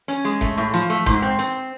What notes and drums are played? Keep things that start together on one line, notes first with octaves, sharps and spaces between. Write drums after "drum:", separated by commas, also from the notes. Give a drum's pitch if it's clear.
C#4, drum: hi-hat
G#3
A3, drum: kick
A2
F3, drum: hi-hat
A3
G#2, drum: kick, hi-hat
C4
C4, drum: hi-hat